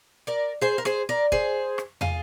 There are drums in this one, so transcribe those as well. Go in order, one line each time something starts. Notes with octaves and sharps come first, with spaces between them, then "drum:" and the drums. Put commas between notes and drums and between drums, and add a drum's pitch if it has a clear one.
A#4 D5
G#4 C5
A#4
G#4 C5, drum: rim click
A#4 D5
G#4 C5, drum: kick
drum: rim click
F4 G#4, drum: tom